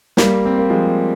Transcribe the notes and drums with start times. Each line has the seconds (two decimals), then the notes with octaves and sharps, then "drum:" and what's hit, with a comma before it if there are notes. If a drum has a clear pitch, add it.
0.17 G3 A#3, drum: snare
0.45 C4
0.58 A#3
0.70 F3 G#3